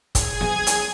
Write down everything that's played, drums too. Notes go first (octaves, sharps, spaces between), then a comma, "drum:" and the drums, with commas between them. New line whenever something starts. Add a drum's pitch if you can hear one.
G#4 G#5 G#6, drum: kick, hi-hat
drum: snare B3
drum: hi-hat